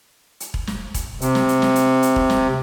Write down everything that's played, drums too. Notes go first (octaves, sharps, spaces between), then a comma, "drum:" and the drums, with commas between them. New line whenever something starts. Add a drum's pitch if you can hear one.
drum: hi-hat
drum: kick E1
drum: snare
drum: kick E1, hi-hat
C3, drum: hi-hat
drum: snare
drum: hi-hat
drum: snare
drum: hi-hat
drum: hi-hat
drum: kick E1
drum: snare